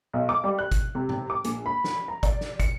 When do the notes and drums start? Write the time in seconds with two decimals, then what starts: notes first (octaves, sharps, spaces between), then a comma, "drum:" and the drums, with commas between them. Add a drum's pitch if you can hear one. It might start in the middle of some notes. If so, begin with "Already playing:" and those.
0.13 B1
0.29 D6
0.44 G3
0.59 F#6
0.72 drum: kick, hi-hat
0.95 C3
1.09 drum: tom G#2
1.30 D6
1.44 A#1, drum: hi-hat
1.66 B5
1.84 drum: snare
2.08 A#5
2.23 D5, drum: kick, hi-hat
2.41 drum: snare
2.60 C#7, drum: kick, hi-hat